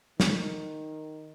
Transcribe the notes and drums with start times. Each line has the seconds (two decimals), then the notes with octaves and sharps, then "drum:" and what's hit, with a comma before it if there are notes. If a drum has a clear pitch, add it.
0.20 D#3, drum: snare